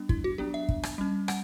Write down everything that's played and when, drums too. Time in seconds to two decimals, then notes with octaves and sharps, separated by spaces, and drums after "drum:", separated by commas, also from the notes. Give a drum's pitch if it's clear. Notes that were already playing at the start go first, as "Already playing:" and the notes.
Already playing: G3 B3 D4
0.09 E4, drum: kick
0.24 F#4
0.38 F#3 B3 D4 G4
0.54 E5
0.69 drum: kick
0.83 drum: rim click
0.98 G3 C#4
1.28 F#5, drum: rim click